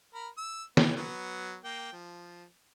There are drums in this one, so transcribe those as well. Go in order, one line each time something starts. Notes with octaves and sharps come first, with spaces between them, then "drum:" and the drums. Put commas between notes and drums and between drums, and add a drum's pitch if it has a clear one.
A#4 B5
E6
B3, drum: snare
F#3 B3
A#3 G5
F3